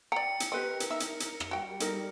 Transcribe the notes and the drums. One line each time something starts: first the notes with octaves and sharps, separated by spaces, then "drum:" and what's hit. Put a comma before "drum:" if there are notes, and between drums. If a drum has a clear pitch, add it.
D5 G5 A#5 C#7
drum: hi-hat
C4 G4 A#4 B4 D#5
drum: hi-hat
D#4 E5
drum: hi-hat
drum: hi-hat
drum: rim click
G3 F#4 G5
D#4 A#4, drum: hi-hat